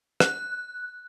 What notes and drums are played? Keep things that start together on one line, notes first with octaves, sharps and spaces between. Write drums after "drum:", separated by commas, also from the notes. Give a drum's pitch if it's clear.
F#6, drum: rim click